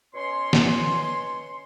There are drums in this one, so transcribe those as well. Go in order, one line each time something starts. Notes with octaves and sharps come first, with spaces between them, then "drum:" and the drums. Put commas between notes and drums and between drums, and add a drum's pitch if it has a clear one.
B2 C#4 C#5 C6
drum: snare